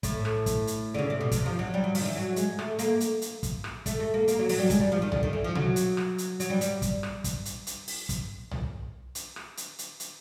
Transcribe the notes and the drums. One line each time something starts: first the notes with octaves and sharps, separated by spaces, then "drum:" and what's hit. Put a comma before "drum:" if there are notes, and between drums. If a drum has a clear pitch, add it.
A2, drum: kick, hi-hat
drum: rim click
drum: kick, hi-hat
drum: hi-hat
D3
C#3
C3
B2
C3, drum: kick, hi-hat
F3
F#3
G3
F#3
F3, drum: open hi-hat
D#3
E3
F#3
G#3, drum: hi-hat
A3, drum: rim click
A#3, drum: hi-hat
drum: hi-hat
drum: hi-hat
drum: kick, hi-hat
drum: rim click
A3, drum: kick, hi-hat
A3
A#3
A#3, drum: hi-hat
F#3
F#3, drum: open hi-hat
G3
G#3, drum: kick, hi-hat
G3
F3
D#3
D3, drum: tom
D#3
E3
F3
F#3, drum: tom B2
drum: hi-hat
drum: rim click
drum: hi-hat
F#3, drum: hi-hat
G3
G3, drum: hi-hat
drum: kick, hi-hat
drum: rim click
drum: kick, hi-hat
drum: hi-hat
drum: hi-hat
drum: open hi-hat
drum: kick, hi-hat
drum: tom
drum: hi-hat
drum: rim click
drum: hi-hat
drum: hi-hat
drum: hi-hat